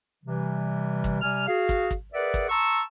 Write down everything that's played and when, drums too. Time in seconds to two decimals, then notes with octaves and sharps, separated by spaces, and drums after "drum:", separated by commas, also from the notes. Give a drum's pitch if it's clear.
0.24 C3 E3 G3
1.04 drum: kick
1.22 C3 G3 G#5 F6
1.47 F#4 G#4 F5
1.69 drum: kick
1.91 drum: kick
2.13 G#4 A#4 B4 D5 E5 F#5
2.34 drum: kick
2.49 A5 A#5 C6 C#6 E6